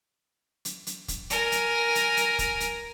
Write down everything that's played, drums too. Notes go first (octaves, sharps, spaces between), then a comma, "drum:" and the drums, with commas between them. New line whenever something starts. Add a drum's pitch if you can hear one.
drum: hi-hat
drum: hi-hat
drum: kick, hi-hat
A#4 G#5, drum: hi-hat
drum: hi-hat
drum: hi-hat
drum: hi-hat
drum: kick, hi-hat
drum: hi-hat